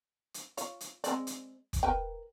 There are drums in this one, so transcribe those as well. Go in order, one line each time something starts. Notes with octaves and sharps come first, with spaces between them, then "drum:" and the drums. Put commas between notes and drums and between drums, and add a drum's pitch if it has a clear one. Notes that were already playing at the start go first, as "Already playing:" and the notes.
drum: hi-hat
F4 C#5, drum: hi-hat
drum: hi-hat
G#3 C4 D5, drum: hi-hat
drum: hi-hat
drum: kick, hi-hat
A#4 B4 G5